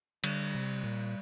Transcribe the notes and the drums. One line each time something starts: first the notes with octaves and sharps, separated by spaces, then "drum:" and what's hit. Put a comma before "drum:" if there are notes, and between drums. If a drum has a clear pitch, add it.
D3 G3, drum: cymbal
C3
A#2